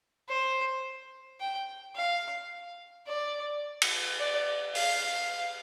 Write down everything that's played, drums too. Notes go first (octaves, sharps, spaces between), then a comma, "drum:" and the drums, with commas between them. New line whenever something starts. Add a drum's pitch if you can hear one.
C5
G5
F5
D5
drum: cymbal
D5
F5, drum: open hi-hat